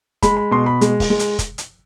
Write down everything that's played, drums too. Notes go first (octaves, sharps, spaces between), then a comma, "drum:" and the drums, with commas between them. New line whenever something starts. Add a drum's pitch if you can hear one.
G#3 B5, drum: kick, hi-hat
B5
B2 C6
B5
G#3, drum: hi-hat
drum: kick, open hi-hat
G#3
drum: hi-hat
drum: kick, hi-hat
drum: hi-hat